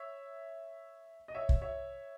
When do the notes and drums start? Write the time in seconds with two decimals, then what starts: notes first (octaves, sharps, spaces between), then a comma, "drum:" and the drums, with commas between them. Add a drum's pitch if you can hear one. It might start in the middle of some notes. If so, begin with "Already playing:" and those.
Already playing: C#5 E5
1.28 D#5
1.35 C#5 E5
1.49 drum: kick
1.62 C#5 E5